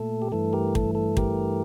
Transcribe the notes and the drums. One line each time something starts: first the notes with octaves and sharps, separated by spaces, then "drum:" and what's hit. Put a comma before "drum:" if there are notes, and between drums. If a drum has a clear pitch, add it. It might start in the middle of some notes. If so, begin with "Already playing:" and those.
Already playing: A#2 A3 A4
G4
G2 E3 A3 A4
G4 A#4
A4, drum: kick
A4
G4 A#4, drum: kick